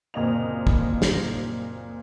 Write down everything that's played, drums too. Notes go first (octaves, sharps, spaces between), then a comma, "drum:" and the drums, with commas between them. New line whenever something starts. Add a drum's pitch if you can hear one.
F#1 A#2 C4 D#5 F5 F7
drum: kick
drum: snare